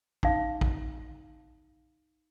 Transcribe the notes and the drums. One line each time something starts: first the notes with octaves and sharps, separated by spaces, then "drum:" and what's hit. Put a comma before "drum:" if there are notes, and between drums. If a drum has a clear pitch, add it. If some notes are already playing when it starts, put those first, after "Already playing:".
D#4 F5, drum: kick A#1
drum: kick A#1